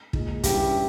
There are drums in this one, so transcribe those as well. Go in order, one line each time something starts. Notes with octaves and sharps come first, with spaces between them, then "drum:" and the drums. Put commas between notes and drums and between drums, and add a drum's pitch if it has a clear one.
A#2 G#3 D#4, drum: kick
G2 G3 C#4 E4 G4, drum: kick, hi-hat